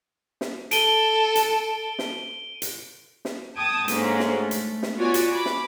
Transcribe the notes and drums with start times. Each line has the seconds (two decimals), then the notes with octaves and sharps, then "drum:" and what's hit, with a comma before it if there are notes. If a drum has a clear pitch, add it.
0.41 drum: snare
0.71 A4 D7 D#7 G7, drum: hi-hat
1.36 drum: hi-hat
1.99 drum: snare
2.62 drum: hi-hat
3.25 drum: snare
3.56 G5 A5 D#6 G#6
3.88 G#2 D3 A#3 C#4, drum: hi-hat
4.19 drum: snare
4.35 A3
4.51 drum: hi-hat
4.83 drum: snare
4.96 B3 F4 F#4 C#5 D5 G#5
5.14 drum: hi-hat
5.32 B5 D6
5.46 drum: snare